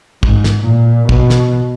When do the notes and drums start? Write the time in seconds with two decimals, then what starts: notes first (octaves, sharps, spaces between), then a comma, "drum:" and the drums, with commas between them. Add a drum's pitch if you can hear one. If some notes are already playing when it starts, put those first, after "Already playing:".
0.23 G#2, drum: kick
0.44 drum: snare
0.66 A#2
1.09 B2, drum: kick
1.30 drum: snare